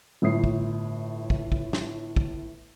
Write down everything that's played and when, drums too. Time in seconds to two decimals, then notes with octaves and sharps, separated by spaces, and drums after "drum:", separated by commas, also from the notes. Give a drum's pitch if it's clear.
0.22 G1 A2 D#6 C7
0.44 drum: kick
1.30 drum: kick
1.52 drum: kick
1.73 drum: snare
2.16 drum: kick